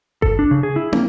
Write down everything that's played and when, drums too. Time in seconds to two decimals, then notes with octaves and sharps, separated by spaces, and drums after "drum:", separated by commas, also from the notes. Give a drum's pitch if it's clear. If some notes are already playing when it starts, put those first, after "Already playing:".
0.22 A4, drum: kick G1
0.39 D4
0.51 C#3
0.63 G#4
0.76 E4
0.93 A#3, drum: tom